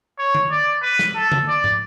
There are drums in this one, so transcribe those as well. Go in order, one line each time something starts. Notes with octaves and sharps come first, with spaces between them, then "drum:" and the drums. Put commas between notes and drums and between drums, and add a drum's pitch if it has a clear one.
C#5
drum: tom
D5
B4
drum: snare
A4
drum: tom
D5
drum: tom